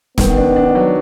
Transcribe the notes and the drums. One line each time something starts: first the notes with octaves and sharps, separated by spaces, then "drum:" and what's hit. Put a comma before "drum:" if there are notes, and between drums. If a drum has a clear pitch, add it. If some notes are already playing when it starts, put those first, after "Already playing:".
D#3 B3, drum: snare
D4
D4
F#3